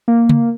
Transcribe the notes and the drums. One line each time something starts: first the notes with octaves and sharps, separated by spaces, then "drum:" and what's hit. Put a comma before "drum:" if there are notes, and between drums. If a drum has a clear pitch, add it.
A#3
drum: tom C#3